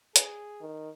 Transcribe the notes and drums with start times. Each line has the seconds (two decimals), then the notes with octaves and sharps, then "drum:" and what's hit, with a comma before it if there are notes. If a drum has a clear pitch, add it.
0.16 G#4, drum: hi-hat
0.61 D#3